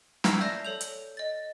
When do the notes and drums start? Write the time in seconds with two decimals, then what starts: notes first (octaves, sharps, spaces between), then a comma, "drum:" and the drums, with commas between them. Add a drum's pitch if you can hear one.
0.24 E6 F6 G#6 B6 C7 F7, drum: snare
0.41 D5 E5 A5 G6 A#6
0.65 A4 C#5 G6 F7
0.81 drum: hi-hat
1.17 D#5 A6